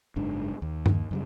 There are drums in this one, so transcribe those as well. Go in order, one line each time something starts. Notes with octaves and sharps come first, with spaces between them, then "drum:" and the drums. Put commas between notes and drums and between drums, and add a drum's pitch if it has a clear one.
F#1 G#2 D4
D#2
drum: tom G2
F#2 C#3 G3